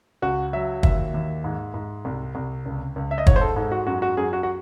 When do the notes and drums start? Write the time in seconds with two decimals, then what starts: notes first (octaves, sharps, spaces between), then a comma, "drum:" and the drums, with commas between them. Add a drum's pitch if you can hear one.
0.22 C#2 F#4
0.53 F#3 E5
0.83 D#2 E5, drum: kick
1.14 D#2
1.44 G#2
1.74 G#2
2.05 C2
2.35 C2
2.66 C#2
2.96 C#2
3.11 E5
3.18 D#5
3.27 G#2 C#5, drum: kick
3.36 C5
3.41 A4
3.56 G#2 A4
3.72 F#4
3.87 F#2 F#4
4.02 F#4
4.17 F#2 G#4
4.33 F#4
4.43 F#4